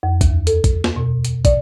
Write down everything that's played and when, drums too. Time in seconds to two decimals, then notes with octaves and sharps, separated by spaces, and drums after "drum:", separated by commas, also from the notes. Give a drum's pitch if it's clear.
0.03 F2
0.21 D#2, drum: kick, hi-hat
0.47 A4, drum: hi-hat
0.64 drum: kick, hi-hat
0.84 drum: snare
0.96 B2
1.25 drum: hi-hat
1.45 D5, drum: kick, hi-hat